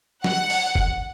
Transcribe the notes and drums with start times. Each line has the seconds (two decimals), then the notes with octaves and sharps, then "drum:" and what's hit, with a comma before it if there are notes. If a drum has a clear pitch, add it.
0.24 F#5, drum: snare
0.50 drum: open hi-hat
0.75 drum: kick F#1